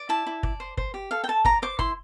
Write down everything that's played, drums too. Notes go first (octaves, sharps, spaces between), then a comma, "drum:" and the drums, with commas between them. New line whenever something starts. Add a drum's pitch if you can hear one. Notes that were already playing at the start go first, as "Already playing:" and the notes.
Already playing: D5
E4 A5
E4
D5, drum: kick
C5
C5, drum: kick
G4
A4 F5
G5
A4 A5
D5 A#5, drum: kick
C5 D6
E4 C6, drum: kick